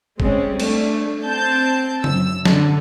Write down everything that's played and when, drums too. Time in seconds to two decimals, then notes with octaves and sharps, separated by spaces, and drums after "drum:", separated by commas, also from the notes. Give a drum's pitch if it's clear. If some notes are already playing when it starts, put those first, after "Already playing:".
0.20 G3 G#3 C4 C#4, drum: kick
0.60 A3 D4, drum: cymbal
1.24 C4 A5 G6
2.04 F#2 E6, drum: tom C#3
2.45 D3, drum: snare